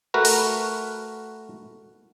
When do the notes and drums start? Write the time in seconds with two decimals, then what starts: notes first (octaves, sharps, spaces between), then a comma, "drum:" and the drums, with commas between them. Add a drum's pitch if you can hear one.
0.14 A3 F#4 A#4 B4
0.25 drum: open hi-hat